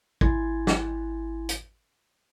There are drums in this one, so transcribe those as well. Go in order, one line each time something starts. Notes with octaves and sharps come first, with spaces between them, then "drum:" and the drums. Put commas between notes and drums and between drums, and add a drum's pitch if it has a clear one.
G#1 E4 G#5 C6 G#6 A6, drum: kick
drum: snare
drum: hi-hat